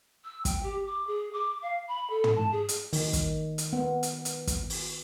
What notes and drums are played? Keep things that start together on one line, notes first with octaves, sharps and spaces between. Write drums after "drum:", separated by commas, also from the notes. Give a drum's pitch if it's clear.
E6
G5, drum: kick, hi-hat
G4
D6
G#4
D6
F5
B5
A4
drum: tom
A5
G#4
drum: hi-hat
D#3, drum: open hi-hat
drum: kick, hi-hat
drum: hi-hat
B3
drum: hi-hat
drum: hi-hat
drum: kick, hi-hat
drum: open hi-hat